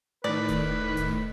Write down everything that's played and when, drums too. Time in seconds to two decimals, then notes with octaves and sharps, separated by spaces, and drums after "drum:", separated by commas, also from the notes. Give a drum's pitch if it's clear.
0.24 A2 D#3 B4 D5
0.48 drum: kick D#1, hi-hat
0.97 drum: kick D#1, hi-hat